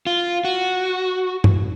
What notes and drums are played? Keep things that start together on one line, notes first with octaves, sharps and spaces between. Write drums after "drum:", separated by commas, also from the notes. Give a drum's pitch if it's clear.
F4
F#4
drum: tom G2